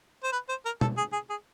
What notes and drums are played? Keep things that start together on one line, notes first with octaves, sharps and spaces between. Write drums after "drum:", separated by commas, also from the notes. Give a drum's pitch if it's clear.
C5
B4
C5
A#4
A4, drum: tom
G#4
G#4
G#4